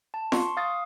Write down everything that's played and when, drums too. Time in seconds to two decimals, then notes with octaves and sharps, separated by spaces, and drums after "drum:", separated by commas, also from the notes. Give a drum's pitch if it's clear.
0.14 A5
0.32 C6 C#6, drum: snare
0.57 F5 D#6 A6